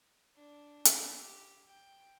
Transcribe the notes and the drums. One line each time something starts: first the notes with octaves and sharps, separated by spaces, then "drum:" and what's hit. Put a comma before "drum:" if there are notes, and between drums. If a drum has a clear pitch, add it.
D4
drum: hi-hat
G4
G5